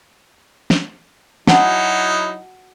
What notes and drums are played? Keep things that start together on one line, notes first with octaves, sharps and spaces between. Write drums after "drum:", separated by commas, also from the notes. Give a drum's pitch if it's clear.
drum: snare
F#3 D#4 E4 F#4 F#5 A5, drum: snare